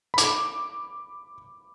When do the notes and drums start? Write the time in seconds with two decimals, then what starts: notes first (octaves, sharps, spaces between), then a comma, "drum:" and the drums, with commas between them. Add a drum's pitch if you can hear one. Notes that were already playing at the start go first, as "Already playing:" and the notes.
0.14 B5
0.18 D6, drum: hi-hat